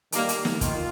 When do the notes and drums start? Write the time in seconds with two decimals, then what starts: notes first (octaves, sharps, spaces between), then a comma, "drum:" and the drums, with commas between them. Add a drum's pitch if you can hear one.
0.12 D#3 G3 A#3, drum: hi-hat
0.29 drum: hi-hat
0.45 drum: snare
0.61 D#3 F4, drum: kick, hi-hat